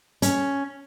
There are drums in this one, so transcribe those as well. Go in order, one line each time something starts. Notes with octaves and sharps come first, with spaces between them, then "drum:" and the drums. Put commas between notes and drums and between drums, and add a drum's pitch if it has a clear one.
C#4, drum: hi-hat